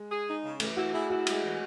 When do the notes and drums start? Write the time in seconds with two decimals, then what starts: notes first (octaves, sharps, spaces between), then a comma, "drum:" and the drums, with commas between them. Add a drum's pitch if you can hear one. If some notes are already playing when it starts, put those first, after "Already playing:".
Already playing: G#3
0.10 G#4
0.27 D#4
0.44 C#3
0.60 E3 A3, drum: cymbal
0.76 E4 F#4
0.93 E4 G#4
1.10 E4 F#4
1.27 G#3, drum: cymbal
1.43 E3